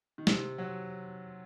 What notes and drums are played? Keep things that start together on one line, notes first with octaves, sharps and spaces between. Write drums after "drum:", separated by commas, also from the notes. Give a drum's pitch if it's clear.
D#3
C3, drum: snare
F#3